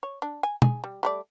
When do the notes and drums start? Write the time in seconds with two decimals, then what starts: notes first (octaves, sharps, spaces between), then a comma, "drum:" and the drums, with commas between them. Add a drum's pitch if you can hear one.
0.03 C#5
0.22 D4
0.43 G#5
0.62 G#4, drum: tom
0.84 G3
1.03 G3 A3 D5